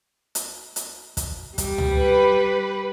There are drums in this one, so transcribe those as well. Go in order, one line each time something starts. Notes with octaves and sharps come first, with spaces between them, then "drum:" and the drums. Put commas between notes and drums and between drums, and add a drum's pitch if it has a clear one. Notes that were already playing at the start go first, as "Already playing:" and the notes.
drum: hi-hat
drum: hi-hat
drum: kick, hi-hat
G3, drum: kick, hi-hat
drum: tom C#2
B4